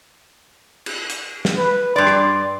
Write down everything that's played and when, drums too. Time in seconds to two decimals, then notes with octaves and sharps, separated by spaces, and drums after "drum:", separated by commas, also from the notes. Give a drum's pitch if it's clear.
0.86 drum: cymbal
1.10 drum: hi-hat
1.45 drum: snare
1.57 B4
1.96 G2 D5 C6
2.07 drum: rim click